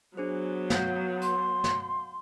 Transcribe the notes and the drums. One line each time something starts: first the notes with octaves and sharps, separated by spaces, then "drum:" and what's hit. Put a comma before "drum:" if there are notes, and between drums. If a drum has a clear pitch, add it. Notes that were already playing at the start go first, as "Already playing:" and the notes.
F#3 B3 D4 G#4 C5
F5 F#5 G6, drum: snare
C6, drum: hi-hat
drum: snare